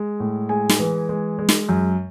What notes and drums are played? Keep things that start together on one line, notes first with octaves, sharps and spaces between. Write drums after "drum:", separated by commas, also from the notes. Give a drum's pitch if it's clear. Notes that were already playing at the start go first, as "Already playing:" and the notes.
Already playing: G#3
A2
G#3 G#5
drum: snare
E3
G#3
G#3
drum: snare
F#2